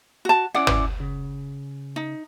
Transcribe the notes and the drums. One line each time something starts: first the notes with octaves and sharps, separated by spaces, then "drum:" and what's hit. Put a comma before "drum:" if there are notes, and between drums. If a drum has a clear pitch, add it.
F#4 A5
C#4 E4 D5 F#5
drum: tom
C#3
D#4